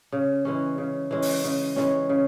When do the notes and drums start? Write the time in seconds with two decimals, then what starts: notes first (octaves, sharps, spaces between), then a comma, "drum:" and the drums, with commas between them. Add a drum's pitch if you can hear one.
0.12 C#3
0.45 E3 G#3 C#4
0.78 C#3
1.11 E3 G#3 C#4
1.22 drum: open hi-hat
1.44 C#3
1.76 E3 G#3 C#4, drum: snare
2.09 C#3